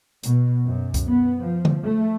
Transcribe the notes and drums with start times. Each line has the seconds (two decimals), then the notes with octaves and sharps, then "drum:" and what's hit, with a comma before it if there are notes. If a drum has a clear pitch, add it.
0.23 B2, drum: hi-hat
0.66 F#2
0.94 drum: kick C#2, hi-hat
1.08 B3
1.40 F3
1.65 drum: tom D3
1.84 A3